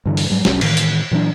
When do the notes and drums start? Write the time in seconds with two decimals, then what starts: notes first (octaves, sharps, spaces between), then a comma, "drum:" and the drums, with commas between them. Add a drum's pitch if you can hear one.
0.06 G2 D3 E3
0.17 drum: open hi-hat
0.30 G#2 F#3 G3
0.45 F1 C2 F#3 C#4, drum: snare
0.61 A2 D#3 E3, drum: cymbal
0.77 drum: hi-hat
1.11 A#2 E3 F#3 D4